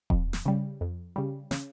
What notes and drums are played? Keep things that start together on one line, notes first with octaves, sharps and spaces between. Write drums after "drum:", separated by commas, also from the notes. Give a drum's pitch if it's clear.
F2, drum: kick D#1
drum: snare
C#3 G3
F2
C#3 G3
C#3, drum: snare